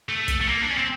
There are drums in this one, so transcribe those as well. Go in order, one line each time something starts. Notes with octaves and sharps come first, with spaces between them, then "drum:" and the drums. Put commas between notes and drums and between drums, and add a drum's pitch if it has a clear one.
A3
drum: kick, hi-hat
A3
A#3
D4
C#4
C4